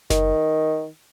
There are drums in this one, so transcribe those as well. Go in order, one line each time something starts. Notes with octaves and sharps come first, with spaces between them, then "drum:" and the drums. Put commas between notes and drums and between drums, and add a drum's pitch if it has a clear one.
D#3, drum: snare F#1